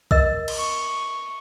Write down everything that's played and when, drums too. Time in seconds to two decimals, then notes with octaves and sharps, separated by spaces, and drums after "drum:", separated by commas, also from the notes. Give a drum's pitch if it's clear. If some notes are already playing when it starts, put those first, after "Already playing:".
0.11 A#4 D#5 E6, drum: kick B1
0.48 drum: cymbal
0.58 C#6